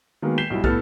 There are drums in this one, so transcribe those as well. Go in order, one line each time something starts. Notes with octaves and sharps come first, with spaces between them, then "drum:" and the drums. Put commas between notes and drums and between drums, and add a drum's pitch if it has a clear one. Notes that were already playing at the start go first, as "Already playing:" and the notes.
D#3 F#3 G#3 A#3 B3
G6 B6 C7 E7 G7
B1 G2 E4
A2 B3 A4 F6 A6, drum: kick